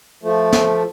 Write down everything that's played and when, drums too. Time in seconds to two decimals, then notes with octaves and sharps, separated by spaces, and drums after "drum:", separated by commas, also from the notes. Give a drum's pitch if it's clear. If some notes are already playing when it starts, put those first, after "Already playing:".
0.23 F3 A3
0.53 drum: snare